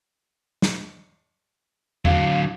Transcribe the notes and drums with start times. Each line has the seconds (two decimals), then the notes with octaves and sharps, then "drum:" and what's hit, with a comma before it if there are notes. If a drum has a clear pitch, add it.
0.62 drum: snare
2.05 D3 F#3 F5, drum: tom E2